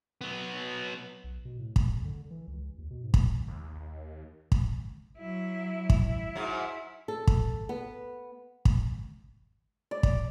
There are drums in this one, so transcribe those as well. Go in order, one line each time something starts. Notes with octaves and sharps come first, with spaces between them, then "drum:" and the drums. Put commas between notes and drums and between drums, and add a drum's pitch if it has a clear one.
F#3 B3
B1
B2
A2
C#2, drum: kick
E2
D3
E3
C#2
D#2
B2
G#2
drum: kick
D#2
drum: kick
F#3 E4
drum: kick
E4
G#2 F#3
A4
drum: kick
B3
drum: kick
D5
drum: kick